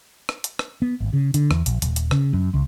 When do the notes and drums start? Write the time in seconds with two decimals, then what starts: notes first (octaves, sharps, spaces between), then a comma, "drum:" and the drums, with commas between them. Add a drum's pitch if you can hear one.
0.29 drum: rim click
0.44 drum: hi-hat
0.59 drum: rim click
0.82 B3
1.00 G#1
1.13 C#3
1.34 D3, drum: hi-hat
1.51 E2, drum: rim click
1.66 A#1, drum: hi-hat
1.82 D#1, drum: hi-hat
1.96 drum: hi-hat
2.11 C#3, drum: rim click
2.33 F#2
2.54 C#2